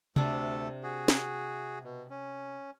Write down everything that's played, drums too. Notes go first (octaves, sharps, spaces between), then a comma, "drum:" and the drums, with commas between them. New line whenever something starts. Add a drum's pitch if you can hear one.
D2 C3 A3 D4 A4, drum: tom C3
F#4 G#4
drum: snare
B2
C#4